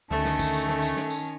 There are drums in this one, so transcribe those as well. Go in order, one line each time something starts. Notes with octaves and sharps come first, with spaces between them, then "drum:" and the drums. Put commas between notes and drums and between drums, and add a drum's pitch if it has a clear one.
D2 D#3 A3 C#4 A5, drum: snare
drum: snare
drum: kick, tambourine
drum: tambourine
drum: snare
drum: tambourine
drum: snare
drum: tambourine